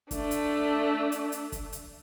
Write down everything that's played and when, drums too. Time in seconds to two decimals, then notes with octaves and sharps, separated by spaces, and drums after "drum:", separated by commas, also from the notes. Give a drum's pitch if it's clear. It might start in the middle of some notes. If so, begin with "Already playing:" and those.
0.11 A3 D4, drum: kick, hi-hat
0.31 drum: hi-hat
1.12 drum: hi-hat
1.32 drum: hi-hat
1.52 drum: kick, hi-hat
1.73 drum: hi-hat